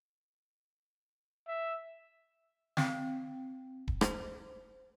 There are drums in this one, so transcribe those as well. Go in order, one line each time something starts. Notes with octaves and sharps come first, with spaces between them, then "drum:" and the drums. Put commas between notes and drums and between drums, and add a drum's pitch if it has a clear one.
E5
C4 G5, drum: snare
drum: kick D#1
C5, drum: rim click